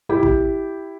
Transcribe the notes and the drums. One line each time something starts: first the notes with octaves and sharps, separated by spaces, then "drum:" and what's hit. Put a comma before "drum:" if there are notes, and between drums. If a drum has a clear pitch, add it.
E4 G4
drum: kick A1